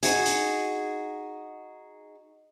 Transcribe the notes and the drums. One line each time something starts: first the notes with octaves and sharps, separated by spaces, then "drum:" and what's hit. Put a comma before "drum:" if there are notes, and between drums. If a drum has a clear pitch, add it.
D#4 F#4 G#4, drum: hi-hat
drum: hi-hat